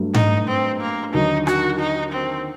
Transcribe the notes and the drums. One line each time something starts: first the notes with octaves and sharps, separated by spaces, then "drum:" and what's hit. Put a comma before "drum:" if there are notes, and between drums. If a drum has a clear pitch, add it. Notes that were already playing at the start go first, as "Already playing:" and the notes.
Already playing: G2 F#3 A3
D#4, drum: tom G#2
C4
A#3
D#2 D3 F#3 D#4
F#4, drum: rim click
D#4
C4